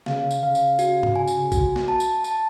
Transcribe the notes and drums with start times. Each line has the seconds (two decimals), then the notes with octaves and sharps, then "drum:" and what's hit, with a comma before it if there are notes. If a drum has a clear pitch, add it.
0.06 C#3 F5, drum: snare
0.31 drum: tambourine
0.43 C#3 F5
0.55 drum: tambourine
0.79 F#4, drum: tambourine
1.03 drum: tom G#2
1.16 G#5
1.27 drum: tambourine
1.52 F#4, drum: kick A#1, tambourine
1.76 drum: snare
1.88 A5
2.00 drum: tambourine
2.24 A5, drum: tambourine